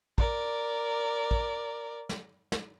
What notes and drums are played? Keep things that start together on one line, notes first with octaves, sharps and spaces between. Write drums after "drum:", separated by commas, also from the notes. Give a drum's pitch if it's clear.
A#4 D5, drum: kick
drum: kick
drum: snare
drum: snare